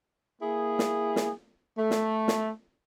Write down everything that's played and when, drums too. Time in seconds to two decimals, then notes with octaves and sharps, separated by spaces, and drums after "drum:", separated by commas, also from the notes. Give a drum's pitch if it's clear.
0.42 A#3 E4 G#4
0.79 drum: snare
1.16 drum: snare
1.77 A3
1.91 drum: snare
2.28 drum: snare